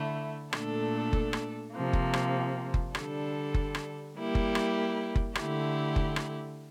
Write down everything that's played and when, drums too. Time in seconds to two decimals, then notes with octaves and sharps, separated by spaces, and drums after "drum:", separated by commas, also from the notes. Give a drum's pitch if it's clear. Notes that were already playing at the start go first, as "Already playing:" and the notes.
Already playing: D3 A3 E4
0.53 A#2 A3 D4 A4, drum: rim click
1.13 drum: kick F#1
1.33 drum: rim click
1.73 C3 F3 A#3
1.93 drum: kick F#1
2.13 drum: rim click
2.74 drum: kick F#1
2.95 D3 G3 D4 A4, drum: rim click
3.54 drum: kick F#1
3.75 drum: rim click
4.14 G3 A#3 E4 G4
4.35 drum: kick F#1
4.55 drum: rim click
5.16 drum: kick F#1
5.35 D3 A3 E4 G4, drum: rim click
5.96 drum: kick F#1
6.16 drum: rim click